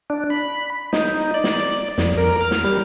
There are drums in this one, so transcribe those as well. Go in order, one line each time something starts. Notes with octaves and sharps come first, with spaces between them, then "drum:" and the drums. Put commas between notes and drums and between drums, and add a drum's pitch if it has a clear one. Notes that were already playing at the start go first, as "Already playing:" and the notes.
D4
B5
D#4, drum: snare
D5
drum: snare
F2, drum: snare
A#4
F6
drum: snare
G3